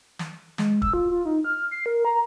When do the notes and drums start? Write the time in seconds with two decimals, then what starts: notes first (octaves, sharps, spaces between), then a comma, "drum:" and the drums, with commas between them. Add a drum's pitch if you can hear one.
0.19 drum: snare
0.58 G#3, drum: snare
0.82 E6, drum: kick
0.93 F4
1.11 F4
1.25 D#4
1.44 F6
1.71 C7
1.86 A#4
2.05 A#5